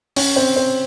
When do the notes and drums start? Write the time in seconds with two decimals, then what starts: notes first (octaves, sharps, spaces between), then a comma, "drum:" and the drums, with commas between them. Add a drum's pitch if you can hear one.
0.16 C#4, drum: open hi-hat
0.36 C4
0.56 C4